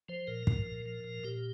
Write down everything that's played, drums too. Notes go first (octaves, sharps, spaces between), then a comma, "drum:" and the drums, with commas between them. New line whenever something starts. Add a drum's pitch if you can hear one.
F3 C5
A#2 A#4
F3, drum: kick
A#2
F3
A#2
A#2 G4